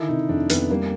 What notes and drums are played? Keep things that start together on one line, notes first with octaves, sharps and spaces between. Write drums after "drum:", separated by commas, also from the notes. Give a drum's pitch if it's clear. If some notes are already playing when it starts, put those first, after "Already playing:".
Already playing: D3 D#3 E4
C3 D#4
F2 D4
F2 B3, drum: hi-hat
G3 A#3